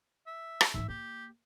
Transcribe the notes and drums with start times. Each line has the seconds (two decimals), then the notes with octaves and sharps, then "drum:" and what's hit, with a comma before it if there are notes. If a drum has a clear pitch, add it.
0.27 E5
0.61 drum: rim click
0.74 G#2 E3 E5
0.88 A#3 G4